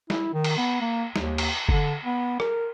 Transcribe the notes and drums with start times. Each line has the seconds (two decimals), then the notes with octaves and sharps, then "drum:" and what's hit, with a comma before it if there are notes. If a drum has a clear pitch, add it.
0.10 E4, drum: snare
0.33 D#3
0.44 drum: cymbal
0.57 B3
0.81 A#3
1.16 D#2, drum: snare
1.38 drum: cymbal
1.69 D3, drum: kick F#1
2.05 B3
2.40 A#4, drum: rim click